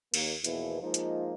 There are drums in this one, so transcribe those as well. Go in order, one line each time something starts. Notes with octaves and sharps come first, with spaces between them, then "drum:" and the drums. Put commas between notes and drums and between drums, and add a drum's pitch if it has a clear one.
D#2 A#3, drum: cymbal
E2 B2 F3 A#3 E4, drum: hi-hat
F3 G#3 A#3 D#4 F4
drum: hi-hat